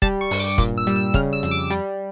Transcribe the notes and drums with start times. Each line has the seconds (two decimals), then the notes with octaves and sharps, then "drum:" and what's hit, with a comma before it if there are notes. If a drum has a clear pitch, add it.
0.02 G3 A5, drum: kick
0.21 C#6
0.31 G2, drum: open hi-hat
0.40 D6
0.58 A#2 D6, drum: kick, hi-hat
0.78 E6
0.87 G3, drum: hi-hat
0.96 E6
1.14 C#3 F6, drum: kick, hi-hat
1.33 E6
1.43 F2, drum: hi-hat
1.51 D6
1.70 G3, drum: hi-hat